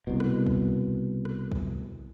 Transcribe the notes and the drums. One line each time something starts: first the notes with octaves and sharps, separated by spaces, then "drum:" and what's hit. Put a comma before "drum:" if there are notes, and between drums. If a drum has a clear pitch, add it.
C2 B2
drum: rim click
drum: kick
drum: rim click
drum: kick